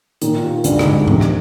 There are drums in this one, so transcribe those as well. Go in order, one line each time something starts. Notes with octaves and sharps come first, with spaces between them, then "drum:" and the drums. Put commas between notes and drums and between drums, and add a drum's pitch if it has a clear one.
A#2 D#3, drum: hi-hat
F4
D2 G2, drum: hi-hat
G#2, drum: rim click
D2
F2 C3, drum: tom G#2
drum: rim click